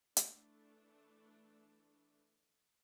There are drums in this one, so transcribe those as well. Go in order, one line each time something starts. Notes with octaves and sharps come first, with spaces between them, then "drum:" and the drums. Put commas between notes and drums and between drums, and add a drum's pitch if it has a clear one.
E3 A3 D4, drum: hi-hat